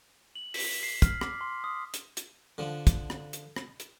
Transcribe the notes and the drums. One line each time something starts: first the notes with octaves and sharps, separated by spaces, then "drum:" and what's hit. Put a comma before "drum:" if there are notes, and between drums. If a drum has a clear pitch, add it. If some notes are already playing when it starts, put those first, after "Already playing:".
F#7
B6, drum: open hi-hat
C7
F6, drum: kick, hi-hat
D6, drum: rim click
C6
D#6
drum: hi-hat
drum: hi-hat
D3 F3
drum: kick, hi-hat
drum: rim click
drum: hi-hat
drum: rim click
drum: hi-hat